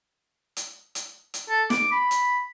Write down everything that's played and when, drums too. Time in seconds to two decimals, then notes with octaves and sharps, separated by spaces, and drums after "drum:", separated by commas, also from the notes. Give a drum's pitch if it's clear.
0.57 drum: hi-hat
0.95 drum: hi-hat
1.34 drum: hi-hat
1.49 A4
1.70 D6, drum: snare
1.92 B5
2.11 drum: hi-hat